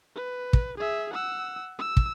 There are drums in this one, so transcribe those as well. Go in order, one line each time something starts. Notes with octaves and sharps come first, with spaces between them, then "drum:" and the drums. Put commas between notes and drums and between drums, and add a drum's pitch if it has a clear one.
B4
drum: kick
G#4 E5
F#5 E6
E6
drum: kick